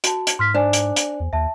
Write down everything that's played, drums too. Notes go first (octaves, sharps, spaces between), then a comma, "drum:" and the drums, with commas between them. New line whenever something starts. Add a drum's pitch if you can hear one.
F#4 A5, drum: hi-hat
drum: hi-hat
G#2 C6 F6 B6
D4 C5 G#5
drum: hi-hat
drum: hi-hat
E2
D#2 E5 A5